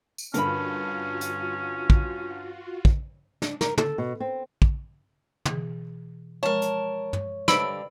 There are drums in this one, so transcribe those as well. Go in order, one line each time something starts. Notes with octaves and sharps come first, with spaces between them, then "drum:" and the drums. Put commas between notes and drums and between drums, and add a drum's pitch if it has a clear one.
drum: tambourine
G2 D3 C#4 F4 F#4 A#4 B5, drum: hi-hat
drum: hi-hat
drum: kick
drum: kick
D4, drum: snare
A#4, drum: snare
A4, drum: tom
B2
C4
drum: kick
B2 E3 G#4, drum: tom
F3 G#3 A#4 C#5 A5
drum: hi-hat
drum: tom
G2 D3 B4 C5 D#5 B5 E6 D7, drum: snare